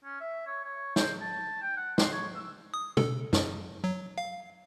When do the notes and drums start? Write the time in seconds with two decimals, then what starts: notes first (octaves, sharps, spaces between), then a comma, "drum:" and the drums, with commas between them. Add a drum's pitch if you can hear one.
0.04 C#4
0.21 E5
0.47 C#5
0.64 C#5
0.96 C5, drum: snare
1.21 A5
1.62 G5
1.77 F#5
1.98 C6, drum: snare
2.13 C#5
2.35 E6
2.74 D#6
2.97 A4, drum: tom B2
3.33 F#2, drum: snare
3.84 F#3
4.18 F5